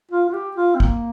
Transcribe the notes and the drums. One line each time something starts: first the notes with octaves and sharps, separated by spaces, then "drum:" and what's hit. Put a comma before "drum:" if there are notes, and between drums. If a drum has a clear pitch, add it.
F4
F4
G4
F4
C4
A#3, drum: kick